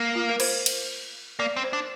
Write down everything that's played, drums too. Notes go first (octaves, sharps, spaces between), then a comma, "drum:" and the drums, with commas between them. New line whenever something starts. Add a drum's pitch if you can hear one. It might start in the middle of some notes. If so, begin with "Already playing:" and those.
Already playing: A#3
F4
A#4
C5, drum: cymbal
drum: cymbal
A#3 D5
C4
C5
D4